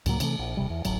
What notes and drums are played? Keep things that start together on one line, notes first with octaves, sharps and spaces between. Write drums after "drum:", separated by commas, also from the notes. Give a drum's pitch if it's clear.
C#2 A2 F#3 A#3, drum: cymbal
C3 E3 F#3 A3, drum: cymbal
A#1
D#1 C3 G3
E2
D1 A1 A2 F#3, drum: cymbal